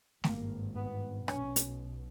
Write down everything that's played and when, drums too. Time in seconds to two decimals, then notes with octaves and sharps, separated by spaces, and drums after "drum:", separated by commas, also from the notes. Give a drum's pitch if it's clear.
0.24 G#1 G2 A#3, drum: snare
0.76 B3
1.28 B1 B2 C#4, drum: rim click
1.56 drum: hi-hat